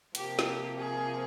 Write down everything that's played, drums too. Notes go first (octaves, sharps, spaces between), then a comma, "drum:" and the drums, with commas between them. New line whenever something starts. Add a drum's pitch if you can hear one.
C3 F3 A#3 G4, drum: hi-hat
drum: snare
G#4